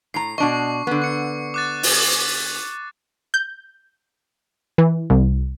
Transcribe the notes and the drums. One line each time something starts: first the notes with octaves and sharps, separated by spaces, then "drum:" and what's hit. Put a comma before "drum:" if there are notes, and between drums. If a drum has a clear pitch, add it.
A2 A#5 C7
B2 D4 D#5 C#6
D3 B3
C#6 C#7
D6 F#6 A6
drum: open hi-hat
G6
E3
C2